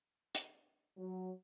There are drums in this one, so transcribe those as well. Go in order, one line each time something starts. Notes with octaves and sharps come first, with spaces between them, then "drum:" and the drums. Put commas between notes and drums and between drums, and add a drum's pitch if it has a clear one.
drum: hi-hat
F#3